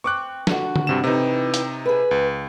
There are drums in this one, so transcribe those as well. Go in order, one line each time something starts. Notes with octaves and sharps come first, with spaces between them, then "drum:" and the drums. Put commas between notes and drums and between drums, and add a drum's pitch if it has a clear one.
C4 C#6 D6 F#6
D3 D4 F#4, drum: snare
drum: tom D3
G2 C3 E7
C3 E3 C4 D#4
drum: hi-hat
G#4 B4
C#2